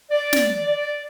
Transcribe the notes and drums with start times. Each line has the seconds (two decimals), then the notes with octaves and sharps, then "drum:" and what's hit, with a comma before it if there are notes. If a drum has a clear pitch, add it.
0.11 D5
0.33 drum: snare